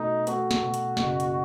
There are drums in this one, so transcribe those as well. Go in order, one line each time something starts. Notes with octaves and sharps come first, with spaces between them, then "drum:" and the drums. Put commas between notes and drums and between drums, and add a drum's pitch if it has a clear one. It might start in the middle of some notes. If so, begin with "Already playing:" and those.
Already playing: B2 A3 D#4
A3 F#4, drum: hi-hat
drum: snare
B2
drum: hi-hat
F#1, drum: snare
drum: hi-hat